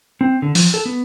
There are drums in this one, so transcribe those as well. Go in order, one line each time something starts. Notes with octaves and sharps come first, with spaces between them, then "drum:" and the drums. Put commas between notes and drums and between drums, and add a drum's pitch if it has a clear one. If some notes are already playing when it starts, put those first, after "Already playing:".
C4
D3
F3, drum: open hi-hat
A4
B3